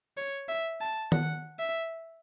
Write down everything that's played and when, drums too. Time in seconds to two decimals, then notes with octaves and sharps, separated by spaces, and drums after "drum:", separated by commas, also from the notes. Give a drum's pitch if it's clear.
0.17 C#5
0.49 E5
0.81 A5
1.12 F#5, drum: tom D#3
1.59 E5